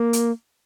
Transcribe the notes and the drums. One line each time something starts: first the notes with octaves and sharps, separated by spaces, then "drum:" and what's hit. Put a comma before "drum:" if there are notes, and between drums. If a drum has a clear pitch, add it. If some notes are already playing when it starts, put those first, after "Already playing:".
Already playing: A#3
drum: hi-hat